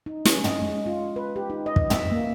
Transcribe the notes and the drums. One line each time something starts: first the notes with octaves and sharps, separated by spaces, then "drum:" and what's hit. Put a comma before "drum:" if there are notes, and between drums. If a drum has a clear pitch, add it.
D#4
C#4, drum: snare
D#5, drum: tom
G#3
F4
B4
G4
D#4
D#5
drum: kick
E5, drum: tom
A#3